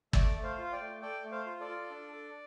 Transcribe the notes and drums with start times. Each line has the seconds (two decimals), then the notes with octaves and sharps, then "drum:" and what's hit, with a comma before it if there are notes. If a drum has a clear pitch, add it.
0.13 A3 A4 D5, drum: kick
0.36 A3
0.43 C5 F5
0.58 F4 F5
0.72 D5 G5
0.80 A3
1.02 A4 D5 G5
1.24 A3
1.32 C5 F5
1.46 F4
1.60 A4 D5
1.68 F4
1.90 D4
2.12 A4